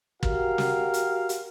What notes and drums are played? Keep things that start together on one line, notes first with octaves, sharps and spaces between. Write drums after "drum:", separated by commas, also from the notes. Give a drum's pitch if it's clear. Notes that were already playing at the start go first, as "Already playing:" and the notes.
F#4 G4 A#4 F5, drum: kick
drum: snare
drum: hi-hat
drum: hi-hat